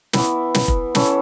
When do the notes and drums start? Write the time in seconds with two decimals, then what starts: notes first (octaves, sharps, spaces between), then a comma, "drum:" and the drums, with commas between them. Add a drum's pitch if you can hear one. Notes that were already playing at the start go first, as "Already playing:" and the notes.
0.13 E3 B3 E4, drum: snare
0.55 drum: snare
0.68 drum: kick F1
0.95 E3 C#4 E4 A4, drum: snare